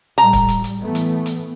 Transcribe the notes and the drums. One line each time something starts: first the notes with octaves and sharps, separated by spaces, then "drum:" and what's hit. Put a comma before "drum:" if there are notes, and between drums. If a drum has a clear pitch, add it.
A2 G3 A#5, drum: hi-hat
drum: kick, hi-hat
drum: hi-hat
drum: hi-hat
E3 A3 B3
drum: hi-hat
drum: hi-hat